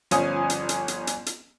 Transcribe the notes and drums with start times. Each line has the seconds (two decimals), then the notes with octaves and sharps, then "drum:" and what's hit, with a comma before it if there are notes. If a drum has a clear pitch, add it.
0.11 G1 F3 C#4 G#5 D#6, drum: hi-hat
0.50 drum: hi-hat
0.69 drum: hi-hat
0.88 drum: hi-hat
1.07 drum: hi-hat
1.26 drum: hi-hat